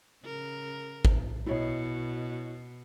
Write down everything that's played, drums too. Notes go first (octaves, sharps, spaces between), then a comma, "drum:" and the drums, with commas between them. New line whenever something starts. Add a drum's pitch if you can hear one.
C#3 A#4
drum: kick G#1
B2 E4 C#5 D#5